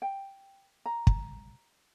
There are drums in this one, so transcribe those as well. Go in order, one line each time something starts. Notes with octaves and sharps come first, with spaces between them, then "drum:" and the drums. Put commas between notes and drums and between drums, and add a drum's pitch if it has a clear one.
G5
A#5
drum: kick